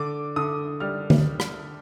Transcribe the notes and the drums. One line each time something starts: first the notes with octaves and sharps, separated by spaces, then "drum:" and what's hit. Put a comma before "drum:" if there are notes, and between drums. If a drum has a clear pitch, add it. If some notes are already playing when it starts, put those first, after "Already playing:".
Already playing: D3 D6
D3 D#6
G3 F6
drum: tom D3
drum: rim click